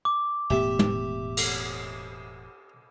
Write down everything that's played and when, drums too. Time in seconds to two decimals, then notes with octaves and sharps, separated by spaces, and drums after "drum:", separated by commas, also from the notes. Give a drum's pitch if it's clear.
0.05 D6
0.50 E1 A2 B3 G4 E5
0.79 drum: tom
1.37 drum: cymbal